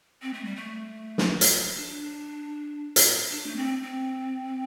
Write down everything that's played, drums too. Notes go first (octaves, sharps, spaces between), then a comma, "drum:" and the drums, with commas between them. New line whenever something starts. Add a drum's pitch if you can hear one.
C4
A3
G3
A3
drum: snare
drum: hi-hat
D4
drum: hi-hat
D4
A3
C4
C4